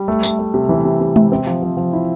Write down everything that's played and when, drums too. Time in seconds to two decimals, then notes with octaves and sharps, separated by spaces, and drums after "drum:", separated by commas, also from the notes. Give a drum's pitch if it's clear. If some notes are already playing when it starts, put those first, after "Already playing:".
Already playing: G3
0.08 A3
0.23 A3, drum: tambourine
0.39 A3
0.54 C3
0.69 E3
0.85 C3
1.00 C3
1.16 C3, drum: tom G#3
1.32 C4
1.47 F3
1.62 F3
1.77 F3
1.93 E4